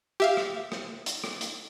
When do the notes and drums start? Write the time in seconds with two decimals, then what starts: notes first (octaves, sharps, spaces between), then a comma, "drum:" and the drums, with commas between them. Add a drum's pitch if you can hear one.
0.20 G4 E5 F5
0.37 drum: rim click
0.72 drum: rim click
1.06 drum: hi-hat
1.24 drum: rim click
1.41 drum: hi-hat